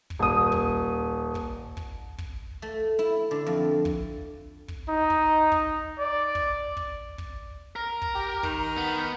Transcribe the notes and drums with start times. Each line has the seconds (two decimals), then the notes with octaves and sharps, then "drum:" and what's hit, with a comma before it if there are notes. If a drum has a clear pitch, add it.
0.10 drum: kick
0.19 D#1 D#6
0.52 drum: kick
1.35 drum: kick
1.77 drum: kick
2.18 drum: kick
2.62 A3
2.99 E4
3.31 D3
3.46 F2
3.85 drum: kick
4.68 drum: kick
4.89 D#4
5.10 drum: kick
5.52 drum: kick
5.99 D5
6.35 drum: kick
6.77 drum: kick
7.18 drum: kick
7.76 A#4
8.02 drum: kick
8.15 G4
8.43 D#3, drum: kick
8.77 B3